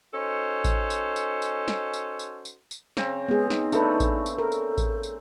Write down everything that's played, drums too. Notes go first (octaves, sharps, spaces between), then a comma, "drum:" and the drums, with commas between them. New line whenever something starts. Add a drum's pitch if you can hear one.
C#4 D#4 F#4 A4 C5
drum: kick A1, tambourine
drum: tambourine
drum: tambourine
drum: tambourine
drum: snare
drum: tambourine
drum: tambourine
drum: tambourine
drum: tambourine
C#3 C4, drum: snare
G#3 B3 G#4
D#4, drum: snare
A3 D4 A4 B4, drum: tambourine
drum: kick A1, tambourine
drum: tambourine
A4 A#4
drum: tambourine
drum: kick A1, tambourine
drum: tambourine